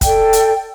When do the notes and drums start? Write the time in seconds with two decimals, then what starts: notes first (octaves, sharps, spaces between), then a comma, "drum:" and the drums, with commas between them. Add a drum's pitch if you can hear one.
0.01 A4 D5 G5, drum: kick, hi-hat
0.33 drum: hi-hat